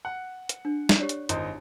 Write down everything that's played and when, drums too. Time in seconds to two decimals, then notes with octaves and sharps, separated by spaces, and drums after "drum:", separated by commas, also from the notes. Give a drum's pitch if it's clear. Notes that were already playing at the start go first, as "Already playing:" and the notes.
0.05 F#5
0.49 drum: hi-hat
0.65 D4
0.89 drum: snare
1.00 G4 C#5 D5
1.09 drum: hi-hat
1.29 G#1 E4 C5 D#5, drum: hi-hat